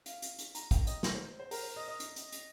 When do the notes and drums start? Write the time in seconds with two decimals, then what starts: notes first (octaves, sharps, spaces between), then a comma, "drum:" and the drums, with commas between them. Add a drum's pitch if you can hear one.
0.06 F5, drum: hi-hat
0.22 drum: hi-hat
0.38 drum: hi-hat
0.55 A#5, drum: hi-hat
0.71 G5, drum: kick, hi-hat
0.87 D#5, drum: hi-hat
1.03 drum: snare
1.15 C5
1.40 C5
1.51 A#4, drum: open hi-hat
1.63 C5
1.76 D#5
1.88 D#5
2.00 drum: hi-hat
2.16 drum: hi-hat
2.32 drum: hi-hat